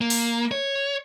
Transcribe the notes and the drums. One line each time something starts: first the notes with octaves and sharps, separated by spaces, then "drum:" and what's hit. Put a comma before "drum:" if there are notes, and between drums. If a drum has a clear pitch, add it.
A#3
drum: open hi-hat
C#5